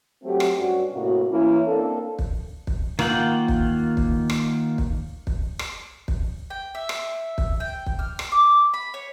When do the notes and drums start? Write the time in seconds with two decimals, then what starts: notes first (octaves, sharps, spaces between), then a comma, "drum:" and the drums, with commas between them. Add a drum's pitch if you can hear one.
0.24 F#3 A3 C4 F#4 G4
0.40 drum: rim click
0.57 G2 G3 C#4 F#4
0.93 A2 C3 A#3 F#4
1.30 E3 A#3 C#4 E4
1.66 A#3 C4 D4 A4
2.19 drum: kick
2.67 drum: kick
2.99 D#3 A#3 F4 F#5 G5, drum: rim click
3.48 drum: kick
3.97 drum: kick
4.30 drum: rim click
4.78 drum: kick
5.27 drum: kick
5.59 drum: rim click
6.08 drum: kick
6.50 G5
6.75 E5
6.89 drum: rim click
7.38 drum: kick
7.60 G5
7.86 drum: kick
7.99 F6
8.19 drum: rim click
8.32 D6
8.74 B5
8.94 C#5